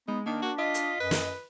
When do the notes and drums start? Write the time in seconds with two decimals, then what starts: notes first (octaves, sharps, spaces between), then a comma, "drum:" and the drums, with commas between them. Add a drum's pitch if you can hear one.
0.08 G#3 B3 D#4
0.26 D#3 A#3 D4
0.42 F#4
0.58 F4 D#5 B6
0.74 drum: hi-hat
1.00 F#2 B4
1.11 drum: snare